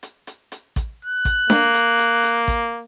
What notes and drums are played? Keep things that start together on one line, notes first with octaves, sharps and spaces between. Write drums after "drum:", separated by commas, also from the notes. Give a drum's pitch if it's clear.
drum: hi-hat
drum: hi-hat
drum: hi-hat
drum: kick A1, hi-hat
F#6
drum: kick A1, hi-hat
A#3, drum: snare D4
drum: hi-hat
drum: hi-hat
drum: hi-hat
drum: kick A1, hi-hat